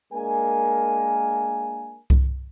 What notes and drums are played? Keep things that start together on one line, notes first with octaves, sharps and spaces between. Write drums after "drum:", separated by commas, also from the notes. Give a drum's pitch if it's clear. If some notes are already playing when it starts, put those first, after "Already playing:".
G#3 A#3 D4 A#4 G#5
drum: kick C2